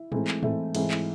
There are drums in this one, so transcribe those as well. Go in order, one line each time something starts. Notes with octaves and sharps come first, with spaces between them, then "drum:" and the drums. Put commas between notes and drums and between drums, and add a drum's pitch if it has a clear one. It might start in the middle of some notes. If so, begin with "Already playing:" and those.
Already playing: E4
G#2 E3 A3 C4, drum: tom
drum: clap
G#2 E3 A3 C4 E4, drum: tom
G#2 E3 A3 C4 E4, drum: cymbal
E4, drum: clap